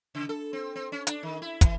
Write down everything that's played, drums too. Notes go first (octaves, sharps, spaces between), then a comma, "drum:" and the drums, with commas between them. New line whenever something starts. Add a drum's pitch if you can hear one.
C#3
A4
C4
C4
C#4
D4, drum: hi-hat
D#3
E4
E3, drum: kick, hi-hat